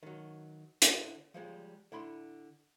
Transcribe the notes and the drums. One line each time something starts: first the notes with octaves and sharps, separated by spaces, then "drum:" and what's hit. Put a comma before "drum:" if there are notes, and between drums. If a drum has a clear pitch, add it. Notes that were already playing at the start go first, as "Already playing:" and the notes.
D#3 F#3
D3 E4 C5 D#5, drum: hi-hat
F3 G3 G#3
D3 E4 B5 C6